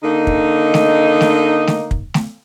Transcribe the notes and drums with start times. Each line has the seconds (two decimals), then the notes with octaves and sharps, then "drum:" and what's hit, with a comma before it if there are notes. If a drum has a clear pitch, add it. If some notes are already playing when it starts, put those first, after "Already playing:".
0.04 D3 A#3 D#4
0.27 drum: kick
0.74 drum: snare A3
1.21 drum: snare A3
1.67 drum: snare A3
1.91 drum: kick
2.14 drum: snare A3